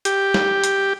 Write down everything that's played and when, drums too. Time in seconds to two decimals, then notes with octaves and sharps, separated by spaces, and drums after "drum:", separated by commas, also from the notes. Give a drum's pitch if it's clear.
0.05 G4, drum: hi-hat
0.34 drum: snare
0.64 drum: hi-hat